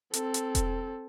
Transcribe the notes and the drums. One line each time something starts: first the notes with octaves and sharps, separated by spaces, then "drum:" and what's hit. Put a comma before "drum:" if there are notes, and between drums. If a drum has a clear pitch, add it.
C4 A4, drum: hi-hat
drum: hi-hat
drum: kick E1, hi-hat